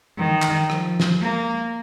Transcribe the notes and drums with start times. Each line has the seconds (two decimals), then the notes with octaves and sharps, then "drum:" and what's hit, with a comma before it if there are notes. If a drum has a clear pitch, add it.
0.18 D#3
0.42 drum: clap
0.70 F3, drum: rim click
1.00 drum: snare
1.21 A#3